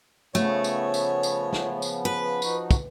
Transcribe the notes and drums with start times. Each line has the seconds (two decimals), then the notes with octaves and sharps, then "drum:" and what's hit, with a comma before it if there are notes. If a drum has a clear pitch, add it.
0.35 C#3 F3 A3 B3 C#5, drum: tambourine
0.64 drum: tambourine
0.94 drum: tambourine
1.23 drum: tambourine
1.53 drum: snare
1.82 drum: tambourine
2.05 B4
2.42 F3 D#4 F#4, drum: tambourine
2.71 drum: kick, tambourine